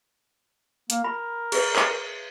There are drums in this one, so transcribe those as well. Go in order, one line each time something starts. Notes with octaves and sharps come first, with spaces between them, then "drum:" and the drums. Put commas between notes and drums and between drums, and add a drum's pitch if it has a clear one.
A#3, drum: hi-hat
A#4 B5
G#4 B4, drum: cymbal
drum: clap